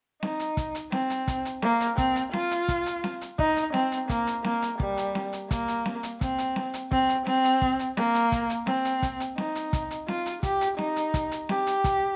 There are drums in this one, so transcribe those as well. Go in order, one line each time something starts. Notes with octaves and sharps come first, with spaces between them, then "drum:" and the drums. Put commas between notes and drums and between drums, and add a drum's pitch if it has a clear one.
D#4, drum: snare C4
drum: hi-hat
drum: kick, hi-hat
drum: hi-hat
C4, drum: snare C4
drum: hi-hat
drum: kick, hi-hat
drum: hi-hat
A#3, drum: snare C4
drum: hi-hat
C4, drum: kick, hi-hat
drum: hi-hat
F4, drum: snare C4
drum: hi-hat
drum: kick, hi-hat
drum: hi-hat
drum: snare C4
drum: hi-hat
D#4, drum: kick
drum: hi-hat
C4, drum: snare C4
drum: hi-hat
A#3, drum: kick, hi-hat
drum: hi-hat
A#3, drum: snare C4
drum: hi-hat
G3, drum: kick
drum: hi-hat
drum: snare C4
drum: hi-hat
A#3, drum: kick, hi-hat
drum: hi-hat
drum: snare C4
drum: hi-hat
C4, drum: kick, hi-hat
drum: hi-hat
drum: snare C4
drum: hi-hat
C4, drum: kick
drum: hi-hat
C4, drum: snare C4
drum: hi-hat
drum: kick
drum: hi-hat
A#3, drum: snare C4
drum: hi-hat
drum: kick, hi-hat
drum: hi-hat
C4, drum: snare C4
drum: hi-hat
drum: kick, hi-hat
drum: hi-hat
D#4, drum: snare C4
drum: hi-hat
drum: kick, hi-hat
drum: hi-hat
F4, drum: snare C4
drum: hi-hat
G4, drum: kick, hi-hat
drum: hi-hat
D#4, drum: snare C4
drum: hi-hat
drum: kick, hi-hat
drum: hi-hat
G4, drum: snare C4
drum: hi-hat
drum: kick, hi-hat